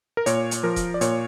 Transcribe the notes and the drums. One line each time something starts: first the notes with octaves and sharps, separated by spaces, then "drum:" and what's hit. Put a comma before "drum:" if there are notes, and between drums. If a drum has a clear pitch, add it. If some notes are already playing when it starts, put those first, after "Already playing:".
A#4
A#2 C#5, drum: hi-hat
drum: hi-hat
F3 A#4
drum: kick D#1, hi-hat
D5
A#2 C#5, drum: hi-hat